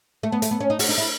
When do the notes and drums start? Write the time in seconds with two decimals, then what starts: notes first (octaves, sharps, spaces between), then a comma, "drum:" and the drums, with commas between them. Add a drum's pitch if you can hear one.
0.23 A3
0.32 B3
0.42 A3, drum: hi-hat
0.51 B3
0.60 C#4
0.70 D#4
0.79 F#4, drum: open hi-hat
0.89 D#4
0.98 E4